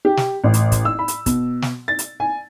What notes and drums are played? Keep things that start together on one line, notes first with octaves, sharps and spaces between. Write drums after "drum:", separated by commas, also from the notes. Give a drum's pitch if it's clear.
G4
drum: snare
A1
drum: hi-hat
drum: kick, hi-hat
E6
B5
drum: hi-hat
B2, drum: kick, hi-hat
drum: snare
A6
drum: hi-hat
G#5